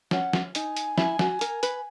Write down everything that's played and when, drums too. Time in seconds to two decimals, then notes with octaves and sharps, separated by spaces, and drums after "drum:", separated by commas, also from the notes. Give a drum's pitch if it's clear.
0.11 C#4 F#5, drum: snare
0.33 drum: snare
0.55 D#4 G#5, drum: hi-hat
0.77 drum: hi-hat
0.98 E4, drum: snare
1.19 F#4, drum: snare
1.41 A#4, drum: hi-hat
1.63 B4, drum: hi-hat